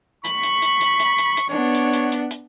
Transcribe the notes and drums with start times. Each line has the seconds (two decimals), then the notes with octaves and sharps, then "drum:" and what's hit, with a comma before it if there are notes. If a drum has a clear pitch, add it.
0.25 B5 C#6, drum: hi-hat
0.43 drum: hi-hat
0.62 drum: hi-hat
0.81 drum: hi-hat
1.00 drum: hi-hat
1.18 drum: hi-hat
1.37 drum: hi-hat
1.49 B3 D4 C#5
1.75 drum: hi-hat
1.93 drum: hi-hat
2.12 drum: hi-hat
2.31 drum: hi-hat